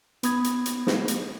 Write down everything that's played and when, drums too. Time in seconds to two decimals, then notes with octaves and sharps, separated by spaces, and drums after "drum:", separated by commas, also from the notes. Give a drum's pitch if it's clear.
0.23 B3 B5 D#6 G#6, drum: hi-hat
0.44 drum: hi-hat
0.66 drum: hi-hat
0.87 drum: snare
1.08 drum: hi-hat